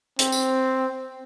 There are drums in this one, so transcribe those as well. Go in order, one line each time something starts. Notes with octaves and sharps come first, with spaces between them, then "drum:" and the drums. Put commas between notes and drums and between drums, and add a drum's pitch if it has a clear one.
C4, drum: hi-hat
drum: tambourine